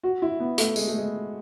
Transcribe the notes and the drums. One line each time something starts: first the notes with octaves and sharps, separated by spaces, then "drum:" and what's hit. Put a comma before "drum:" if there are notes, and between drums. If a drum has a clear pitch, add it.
F#4
E4
B3
A3, drum: hi-hat
G#3, drum: tambourine
A3
G#3